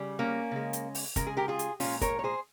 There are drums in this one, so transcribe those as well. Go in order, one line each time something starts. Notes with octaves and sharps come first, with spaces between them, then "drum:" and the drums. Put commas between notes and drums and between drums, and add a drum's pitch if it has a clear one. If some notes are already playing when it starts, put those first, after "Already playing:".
Already playing: C#3 G3
A#3 C#4
C#3 G#3
drum: hi-hat
drum: open hi-hat
C#3 G#3 A#4, drum: kick, hi-hat
G#4
G4 A#4
F4 G#4
drum: hi-hat
A#2 F3 G#3 C#4 F4, drum: open hi-hat
A#4 C#5, drum: kick, hi-hat
C#5
G#4 C5